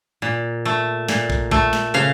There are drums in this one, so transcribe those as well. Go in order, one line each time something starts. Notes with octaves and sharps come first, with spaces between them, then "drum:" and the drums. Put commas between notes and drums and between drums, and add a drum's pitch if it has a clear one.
A#2
A3
A#2, drum: snare
drum: kick
A3, drum: kick
drum: snare
C#3 F5